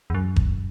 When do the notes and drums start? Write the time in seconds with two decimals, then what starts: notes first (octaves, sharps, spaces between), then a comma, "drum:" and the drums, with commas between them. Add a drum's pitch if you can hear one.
0.10 E2
0.14 F#2
0.36 drum: kick